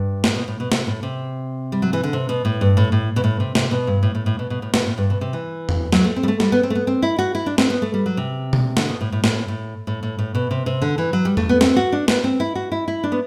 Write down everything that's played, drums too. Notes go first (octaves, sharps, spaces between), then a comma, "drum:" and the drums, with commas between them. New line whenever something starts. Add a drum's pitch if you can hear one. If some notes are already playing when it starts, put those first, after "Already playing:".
Already playing: G2
A2, drum: snare
B2
A2
B2
C3, drum: snare
A2
C3
G3
F#3
E3
D3
C3
B2
A2
G2
A2
A2
B2
A2
C3
C3, drum: snare
B2
G2
A2
A2
A2
B2
B2
A2
B2, drum: snare
A2
G2
B2
C3
E3
drum: tom E2
F#3, drum: snare
A3
C4
G3
A3
G3, drum: snare
B3
C4
A3
B3
C4
E4
F#4
E4
D4
C4, drum: snare
B3
A3
G3
F#3
C3
drum: tom B2
D3, drum: snare
B2
A2
A2
A2, drum: snare
A2
A2
A2
A2
B2
C3
C3
D3
E3
F#3
G3
A3, drum: tom E2
B3
C4, drum: snare
F#4
D4
B3, drum: snare
C4
E4
F#4
E4
E4
D4
B3